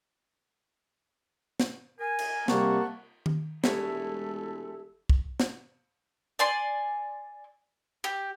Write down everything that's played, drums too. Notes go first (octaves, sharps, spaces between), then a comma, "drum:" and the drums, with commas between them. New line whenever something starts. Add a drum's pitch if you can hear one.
drum: snare
A#4 G#5
drum: cymbal
C3 G3 A#3 F#5 A5 C#6, drum: snare
drum: tom D#3
E1 C2 G#3 A3 E4 A4 C#5, drum: snare
drum: kick
drum: snare
D5 G#5 C6
G4